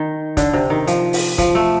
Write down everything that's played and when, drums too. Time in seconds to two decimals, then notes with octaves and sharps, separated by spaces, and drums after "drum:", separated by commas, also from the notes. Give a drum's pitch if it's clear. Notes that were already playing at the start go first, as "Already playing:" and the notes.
Already playing: D#3
0.37 D3, drum: kick, hi-hat
0.53 C3
0.70 D#3
0.87 F3, drum: hi-hat
1.13 drum: open hi-hat
1.38 F3, drum: kick, hi-hat
1.55 A3